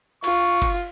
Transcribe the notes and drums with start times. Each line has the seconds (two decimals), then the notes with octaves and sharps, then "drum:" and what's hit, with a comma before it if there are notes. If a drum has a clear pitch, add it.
0.24 F4 C#6, drum: cymbal
0.62 drum: kick F#1, cymbal